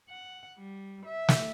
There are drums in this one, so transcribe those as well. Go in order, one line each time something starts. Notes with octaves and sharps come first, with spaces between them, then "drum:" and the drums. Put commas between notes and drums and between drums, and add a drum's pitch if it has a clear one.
F#5
G3
E5
drum: snare